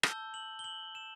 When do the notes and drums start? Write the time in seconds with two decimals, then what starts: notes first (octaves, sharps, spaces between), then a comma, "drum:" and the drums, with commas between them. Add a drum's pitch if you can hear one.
0.03 A5 E6 G6 G7, drum: rim click
0.34 F#7
0.59 G7
0.64 F#7
0.95 E7